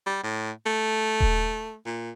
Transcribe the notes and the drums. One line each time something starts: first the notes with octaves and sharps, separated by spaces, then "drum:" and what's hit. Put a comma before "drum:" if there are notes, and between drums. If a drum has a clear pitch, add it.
G3
A2
A3
drum: kick D#1
A#2